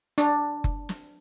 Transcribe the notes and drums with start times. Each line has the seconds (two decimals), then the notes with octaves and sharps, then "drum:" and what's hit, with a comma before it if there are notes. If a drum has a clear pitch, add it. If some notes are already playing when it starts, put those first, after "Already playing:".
0.18 D4, drum: hi-hat
0.64 drum: kick F#1
0.89 drum: snare